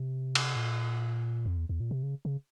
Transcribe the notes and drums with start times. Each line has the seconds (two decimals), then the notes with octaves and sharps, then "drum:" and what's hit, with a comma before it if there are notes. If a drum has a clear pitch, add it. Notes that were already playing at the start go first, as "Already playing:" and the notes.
Already playing: C3
0.35 drum: cymbal
0.56 A#2
1.46 F2
1.57 E2
1.69 E2
1.80 A#2
1.91 C3
2.03 C#3
2.25 C#3